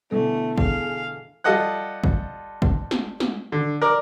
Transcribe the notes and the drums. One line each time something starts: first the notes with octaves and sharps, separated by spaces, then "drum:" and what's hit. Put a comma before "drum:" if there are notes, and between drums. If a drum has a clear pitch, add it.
B2 D3 E3 A3 A4
G#4 F5, drum: kick
G3 F4 A4 D#5 F#5 F#6
drum: kick
drum: kick
drum: snare
drum: snare
D3
A#4 D5